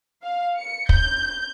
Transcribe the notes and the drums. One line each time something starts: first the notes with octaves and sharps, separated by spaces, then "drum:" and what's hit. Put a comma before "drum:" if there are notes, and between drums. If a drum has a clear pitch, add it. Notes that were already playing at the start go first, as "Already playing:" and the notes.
F5
C#7
G6, drum: kick